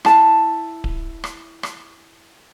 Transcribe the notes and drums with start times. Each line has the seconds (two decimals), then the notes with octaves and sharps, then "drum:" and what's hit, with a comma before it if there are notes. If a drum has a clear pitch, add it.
0.05 E4 A5, drum: rim click
0.84 drum: kick D1
1.24 drum: rim click
1.63 drum: rim click